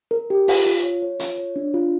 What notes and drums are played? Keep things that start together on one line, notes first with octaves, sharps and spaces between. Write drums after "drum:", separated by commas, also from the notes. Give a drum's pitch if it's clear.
A#4
G4
F4, drum: open hi-hat
F4
C#5
C#5
F4, drum: hi-hat
C#5
D4
F4